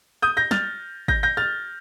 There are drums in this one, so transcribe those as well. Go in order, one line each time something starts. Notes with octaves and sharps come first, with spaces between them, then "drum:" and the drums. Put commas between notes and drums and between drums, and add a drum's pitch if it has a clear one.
D#6 G6
G6 A#6
F6 A6, drum: snare
G6 A#6, drum: kick
G6 A#6
F6 A6